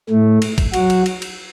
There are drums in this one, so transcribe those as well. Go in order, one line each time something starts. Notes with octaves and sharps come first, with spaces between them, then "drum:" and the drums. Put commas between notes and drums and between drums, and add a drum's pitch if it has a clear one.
A2 A3
drum: cymbal
drum: kick, cymbal
F#3 F#4, drum: cymbal
drum: cymbal
drum: cymbal
drum: cymbal